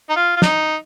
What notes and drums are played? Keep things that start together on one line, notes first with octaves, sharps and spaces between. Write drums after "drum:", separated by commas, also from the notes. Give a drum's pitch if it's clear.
D#4
F4
F4
D#4, drum: snare